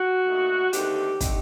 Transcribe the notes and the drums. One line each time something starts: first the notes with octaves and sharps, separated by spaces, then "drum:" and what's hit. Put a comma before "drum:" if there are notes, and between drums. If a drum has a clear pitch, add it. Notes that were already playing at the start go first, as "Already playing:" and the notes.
Already playing: F#4
A#2 A3 D#4
D#2 D3 A3 C4 D#4 G4, drum: hi-hat
D3 A3 C4 D#4 G4, drum: kick, hi-hat